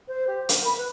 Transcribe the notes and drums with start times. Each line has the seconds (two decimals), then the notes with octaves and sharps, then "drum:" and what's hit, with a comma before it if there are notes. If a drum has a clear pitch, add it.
0.08 C5
0.27 G4
0.49 A#4, drum: hi-hat
0.64 B5
0.77 B4